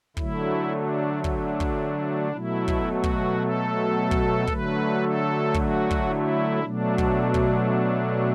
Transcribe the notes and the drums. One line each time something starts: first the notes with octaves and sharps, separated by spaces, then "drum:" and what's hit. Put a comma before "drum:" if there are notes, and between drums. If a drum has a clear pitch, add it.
D3 F#3 A3 E4, drum: kick
D4
D4, drum: kick
drum: kick
B2 F#3 A3 E4
drum: kick
F#4
drum: kick
A4
drum: kick
D3 F#3 A3 B4, drum: kick
A4
F#4, drum: kick
drum: kick
E4
B2 F#3 A3 D4
drum: kick
drum: kick